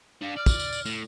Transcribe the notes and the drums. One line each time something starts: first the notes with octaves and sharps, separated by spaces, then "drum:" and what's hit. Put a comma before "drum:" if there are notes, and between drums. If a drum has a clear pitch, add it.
G3 D4 F5
D5 F6
drum: kick, tambourine
drum: tambourine
drum: tambourine
A2, drum: tambourine